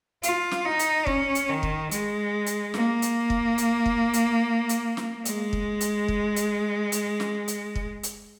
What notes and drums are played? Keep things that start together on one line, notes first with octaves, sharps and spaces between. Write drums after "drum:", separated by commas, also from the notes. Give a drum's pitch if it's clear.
F4, drum: hi-hat
drum: snare
D#4
drum: hi-hat
C#4, drum: kick
drum: hi-hat
D#3
drum: kick
G#3, drum: hi-hat
drum: hi-hat
A#3, drum: snare
drum: hi-hat
drum: kick
drum: hi-hat
drum: kick
drum: hi-hat
drum: hi-hat
drum: snare
G#3, drum: hi-hat
drum: kick
drum: hi-hat
drum: kick
drum: hi-hat
drum: hi-hat
drum: snare
drum: hi-hat
drum: kick
drum: hi-hat